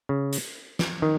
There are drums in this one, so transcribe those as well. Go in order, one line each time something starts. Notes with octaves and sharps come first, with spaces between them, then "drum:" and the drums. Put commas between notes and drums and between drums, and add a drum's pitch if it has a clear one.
C#3
drum: hi-hat
drum: snare
D#3